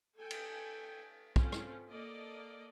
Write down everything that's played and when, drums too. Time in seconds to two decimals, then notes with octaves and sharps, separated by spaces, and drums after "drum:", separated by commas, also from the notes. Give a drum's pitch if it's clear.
0.18 A4 G5 G#5
0.31 drum: cymbal
1.36 C4 C#4 F4 A4, drum: kick
1.52 drum: rim click
1.89 A#3 A4 D5 D#5